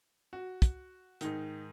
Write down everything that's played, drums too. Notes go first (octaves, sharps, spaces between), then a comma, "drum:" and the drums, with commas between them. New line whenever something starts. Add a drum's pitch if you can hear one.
F#4
drum: kick, hi-hat
G#2 D#3 D#4, drum: hi-hat